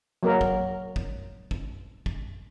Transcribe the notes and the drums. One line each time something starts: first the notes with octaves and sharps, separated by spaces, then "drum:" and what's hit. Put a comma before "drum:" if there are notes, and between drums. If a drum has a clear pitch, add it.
F#3 A#3 A#4
drum: kick
drum: kick
drum: kick
drum: kick